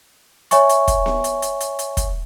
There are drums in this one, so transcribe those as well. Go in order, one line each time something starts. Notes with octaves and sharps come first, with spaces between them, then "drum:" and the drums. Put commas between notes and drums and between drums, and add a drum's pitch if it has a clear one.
C#5 E5 G#5 C#6, drum: hi-hat
drum: hi-hat
drum: kick, hi-hat
drum: snare B3
drum: hi-hat
drum: hi-hat
drum: hi-hat
drum: hi-hat
drum: kick, hi-hat